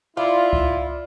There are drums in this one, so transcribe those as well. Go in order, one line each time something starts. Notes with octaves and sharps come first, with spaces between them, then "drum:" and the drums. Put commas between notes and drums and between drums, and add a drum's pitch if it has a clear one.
E4 F4 D5
drum: kick C#2